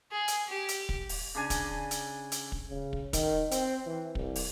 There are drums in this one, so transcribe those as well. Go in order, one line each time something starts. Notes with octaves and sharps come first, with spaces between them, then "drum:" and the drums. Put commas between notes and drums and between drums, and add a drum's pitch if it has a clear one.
G#4
drum: hi-hat
G4
drum: hi-hat
drum: kick
drum: open hi-hat
C#3 D4 G#5
drum: kick, hi-hat
drum: hi-hat
drum: hi-hat
drum: kick
C#3
drum: kick
D#3, drum: kick, hi-hat
C4, drum: hi-hat
E3
C2, drum: kick
drum: open hi-hat